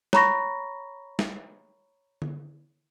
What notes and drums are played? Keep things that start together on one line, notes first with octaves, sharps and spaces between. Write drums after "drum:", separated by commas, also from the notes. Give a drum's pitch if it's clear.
C#5 A#5 B5 C#6 A#6, drum: snare
drum: snare
drum: tom D3